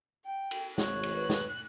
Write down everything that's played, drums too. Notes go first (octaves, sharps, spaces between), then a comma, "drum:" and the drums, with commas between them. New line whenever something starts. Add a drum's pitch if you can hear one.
G5
drum: cymbal
G#1 C#5 F#6, drum: snare
drum: cymbal
B4
drum: snare